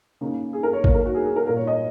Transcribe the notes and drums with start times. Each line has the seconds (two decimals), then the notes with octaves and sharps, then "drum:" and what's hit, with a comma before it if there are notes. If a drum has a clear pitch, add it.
0.21 C#3 A#3 D#4
0.53 G#4
0.63 A#4
0.73 C#5
0.84 D#3 A#3 D#4 C#5, drum: kick
0.94 A#4
1.05 F#4
1.15 G#4
1.26 G#4
1.36 A#4
1.47 A#2 A#3 D#4 A#4
1.57 C#5
1.67 D#5